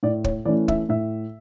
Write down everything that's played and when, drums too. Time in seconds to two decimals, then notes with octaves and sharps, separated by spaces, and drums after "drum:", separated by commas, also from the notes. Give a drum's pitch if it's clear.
0.03 A2 D5
0.24 C#5, drum: kick
0.45 E3 A3 C#4 D5
0.68 E5, drum: kick
0.89 A2 E5